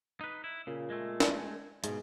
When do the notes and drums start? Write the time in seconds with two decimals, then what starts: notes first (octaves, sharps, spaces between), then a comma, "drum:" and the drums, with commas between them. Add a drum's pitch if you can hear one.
0.21 D#4 B4
0.44 E4
0.67 A#2 C#3
0.90 G#3 A3
1.20 drum: snare
1.84 G#2 B2 G#4, drum: hi-hat